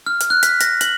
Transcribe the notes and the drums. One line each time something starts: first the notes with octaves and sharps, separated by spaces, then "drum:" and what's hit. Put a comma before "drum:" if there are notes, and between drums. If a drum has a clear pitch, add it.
F6
drum: hi-hat
F#6
B6, drum: hi-hat
A#6, drum: hi-hat
F#7, drum: hi-hat